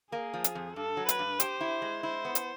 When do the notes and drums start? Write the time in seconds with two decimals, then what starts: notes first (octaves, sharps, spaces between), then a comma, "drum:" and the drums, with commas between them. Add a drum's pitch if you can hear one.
0.12 A#3 G#4
0.34 F3
0.44 drum: hi-hat
0.55 F2
0.76 G2 A4
0.97 F#3
1.09 B4, drum: hi-hat
1.19 G2
1.40 G4 C5, drum: hi-hat
1.61 E4
1.82 G#3
2.03 E4 C5
2.25 B3
2.35 drum: hi-hat